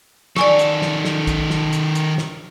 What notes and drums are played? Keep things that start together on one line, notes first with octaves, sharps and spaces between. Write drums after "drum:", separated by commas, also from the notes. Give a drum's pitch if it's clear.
D#3 A4 D5 G#5 C#6, drum: snare
drum: hi-hat
drum: snare
drum: snare
drum: kick, hi-hat
drum: snare
drum: hi-hat
drum: hi-hat
drum: snare